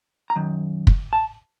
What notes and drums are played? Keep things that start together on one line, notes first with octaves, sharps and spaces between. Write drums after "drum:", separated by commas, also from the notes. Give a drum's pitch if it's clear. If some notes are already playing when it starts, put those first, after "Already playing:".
A#5
F#2 D#3
drum: kick
A5